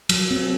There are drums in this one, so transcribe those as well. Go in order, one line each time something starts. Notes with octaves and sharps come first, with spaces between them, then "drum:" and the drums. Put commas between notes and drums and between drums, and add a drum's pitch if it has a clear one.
F#3, drum: cymbal
C4